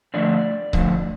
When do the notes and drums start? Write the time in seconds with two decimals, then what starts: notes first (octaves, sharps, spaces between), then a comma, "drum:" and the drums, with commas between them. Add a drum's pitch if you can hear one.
0.14 D3 F3 A3 D5
0.73 D3 F3 A3, drum: kick C#1